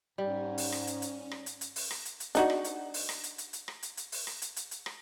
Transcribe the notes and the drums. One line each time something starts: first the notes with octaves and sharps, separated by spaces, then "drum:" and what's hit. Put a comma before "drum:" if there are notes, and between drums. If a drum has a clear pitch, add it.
G#2 G3 C#4
drum: open hi-hat
drum: rim click
drum: hi-hat
drum: hi-hat
drum: rim click
drum: hi-hat
drum: hi-hat
drum: open hi-hat
drum: rim click
drum: hi-hat
drum: hi-hat
D4 D#4 F#4, drum: hi-hat
drum: rim click
drum: hi-hat
drum: open hi-hat
drum: rim click
drum: hi-hat
drum: hi-hat
drum: hi-hat
drum: rim click
drum: hi-hat
drum: hi-hat
drum: open hi-hat
drum: rim click
drum: hi-hat
drum: hi-hat
drum: hi-hat
drum: rim click